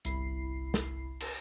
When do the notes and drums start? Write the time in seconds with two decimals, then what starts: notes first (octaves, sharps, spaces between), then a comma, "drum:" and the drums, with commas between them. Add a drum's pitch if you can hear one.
0.05 G1 C2 E4 B5 C7, drum: hi-hat
0.74 drum: snare
1.20 drum: cymbal